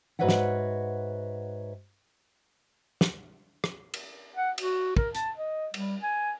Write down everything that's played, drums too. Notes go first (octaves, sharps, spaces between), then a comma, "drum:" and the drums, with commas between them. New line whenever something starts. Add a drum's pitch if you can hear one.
G#2 F#4 B4 C#5 E5 F#5
drum: snare
drum: snare
drum: rim click
drum: cymbal
F#5
F#4, drum: cymbal
A#4, drum: kick
A5, drum: hi-hat
D#5
G3, drum: cymbal
G#5